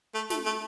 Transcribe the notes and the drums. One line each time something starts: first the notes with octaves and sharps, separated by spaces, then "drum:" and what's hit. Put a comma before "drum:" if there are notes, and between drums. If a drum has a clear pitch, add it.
A3
A3, drum: snare
A3